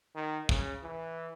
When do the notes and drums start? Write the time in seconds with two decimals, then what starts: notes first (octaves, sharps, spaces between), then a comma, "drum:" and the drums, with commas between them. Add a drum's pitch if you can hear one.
0.15 D#3
0.49 C#3, drum: kick
0.83 E3